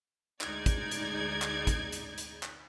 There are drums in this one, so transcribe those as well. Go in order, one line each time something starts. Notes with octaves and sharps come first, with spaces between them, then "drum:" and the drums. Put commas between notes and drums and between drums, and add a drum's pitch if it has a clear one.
D2 G#3 D#4 D5 G#6, drum: clap
drum: kick, hi-hat
drum: hi-hat
drum: clap
drum: kick, hi-hat
drum: hi-hat
drum: hi-hat
drum: clap